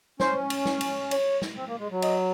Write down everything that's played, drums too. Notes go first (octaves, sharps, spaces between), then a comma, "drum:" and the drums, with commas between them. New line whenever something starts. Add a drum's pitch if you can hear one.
C#4 C5, drum: snare
drum: cymbal
drum: snare
drum: cymbal
C#5, drum: cymbal
drum: snare
C4
A#3
G#3
F#3
D#5, drum: cymbal